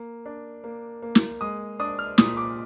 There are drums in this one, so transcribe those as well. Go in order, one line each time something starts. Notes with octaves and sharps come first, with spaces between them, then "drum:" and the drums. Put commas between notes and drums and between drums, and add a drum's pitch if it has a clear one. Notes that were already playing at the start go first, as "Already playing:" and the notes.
Already playing: A#3
D4
A#3
A#3
drum: snare
G#3 D#6
D4 D#6
F6
A#2 D#6, drum: snare
D6